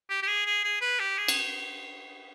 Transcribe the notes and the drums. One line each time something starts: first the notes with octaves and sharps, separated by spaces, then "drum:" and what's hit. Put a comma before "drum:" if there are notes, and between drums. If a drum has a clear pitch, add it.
G4
G4
G#4
G#4
G#4
B4
G4
G#4
drum: cymbal